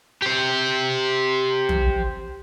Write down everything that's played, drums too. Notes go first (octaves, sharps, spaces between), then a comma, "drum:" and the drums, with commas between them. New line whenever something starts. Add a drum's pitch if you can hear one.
G4 C5
drum: tom